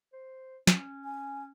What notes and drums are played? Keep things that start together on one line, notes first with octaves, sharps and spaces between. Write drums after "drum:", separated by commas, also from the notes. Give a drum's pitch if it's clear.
C5
C#4, drum: snare
G#5